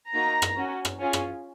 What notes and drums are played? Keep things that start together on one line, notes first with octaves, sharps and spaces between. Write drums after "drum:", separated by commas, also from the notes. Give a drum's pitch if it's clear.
A#3 D#4 F#4 A#5
drum: rim click
C#4 F#4
drum: rim click
C#4 F4 G#4
drum: rim click